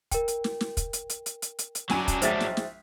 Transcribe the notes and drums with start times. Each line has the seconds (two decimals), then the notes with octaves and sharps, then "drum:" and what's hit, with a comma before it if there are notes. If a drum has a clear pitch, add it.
0.11 A#4 G5, drum: kick, hi-hat
0.28 drum: hi-hat
0.44 drum: snare
0.61 drum: snare
0.77 drum: kick, hi-hat
0.93 drum: hi-hat
1.10 drum: hi-hat
1.26 drum: hi-hat
1.42 drum: hi-hat
1.59 drum: hi-hat
1.75 drum: hi-hat
1.90 F#2 F#3 D4 G#5 D#7, drum: snare
2.08 drum: kick, hi-hat
2.22 A#1 G#3 C5 E5 A6 B6, drum: hi-hat
2.40 drum: snare
2.57 drum: snare